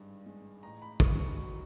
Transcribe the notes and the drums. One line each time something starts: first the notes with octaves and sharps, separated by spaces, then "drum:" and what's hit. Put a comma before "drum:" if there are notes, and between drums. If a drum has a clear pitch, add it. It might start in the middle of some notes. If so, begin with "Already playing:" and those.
Already playing: G#1 G2 G#3
G#3
A1 A#5
B5
F#3 C#6, drum: kick
C#6
F#3 C#6